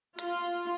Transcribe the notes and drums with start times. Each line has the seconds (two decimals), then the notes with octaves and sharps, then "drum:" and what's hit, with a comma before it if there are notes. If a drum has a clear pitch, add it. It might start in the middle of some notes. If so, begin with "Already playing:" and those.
0.19 F4, drum: hi-hat